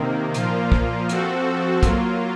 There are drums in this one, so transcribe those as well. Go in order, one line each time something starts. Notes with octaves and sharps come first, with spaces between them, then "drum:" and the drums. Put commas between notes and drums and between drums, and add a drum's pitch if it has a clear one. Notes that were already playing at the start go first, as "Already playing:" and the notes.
Already playing: C3 D#3 A#3
A#2 F3 A#3 F4, drum: hi-hat
drum: kick
F3 C4 F#4 A4, drum: hi-hat
F#3 A#3 F4, drum: kick, hi-hat